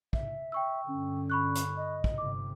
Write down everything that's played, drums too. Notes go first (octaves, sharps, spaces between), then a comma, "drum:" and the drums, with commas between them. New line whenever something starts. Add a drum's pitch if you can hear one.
E5, drum: kick
G5 C#6 E6
G2 D3 C#4
B5 C#6 F#6
drum: hi-hat
D#5
drum: kick
G1 C3 D6